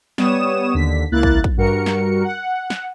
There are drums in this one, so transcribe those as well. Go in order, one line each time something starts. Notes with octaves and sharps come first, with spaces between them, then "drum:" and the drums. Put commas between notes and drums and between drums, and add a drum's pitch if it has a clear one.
G3 B3 C#5 D#6 E7, drum: snare
D#2 D3 B6
C#2 A#3 E4 F#6 A6
drum: kick
drum: kick
G2 F#4 A#4 C#7
drum: snare
F#5
drum: snare